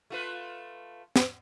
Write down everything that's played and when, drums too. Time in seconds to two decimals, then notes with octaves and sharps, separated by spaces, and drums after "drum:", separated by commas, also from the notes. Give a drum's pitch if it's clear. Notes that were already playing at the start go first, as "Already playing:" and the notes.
0.10 A3 F4 B4
1.16 drum: snare